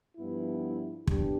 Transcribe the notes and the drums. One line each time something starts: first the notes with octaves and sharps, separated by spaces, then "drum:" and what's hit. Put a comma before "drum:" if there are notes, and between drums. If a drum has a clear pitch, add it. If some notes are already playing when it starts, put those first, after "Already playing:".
G2 F3 B3 E4
E3 B3 D4 G4, drum: kick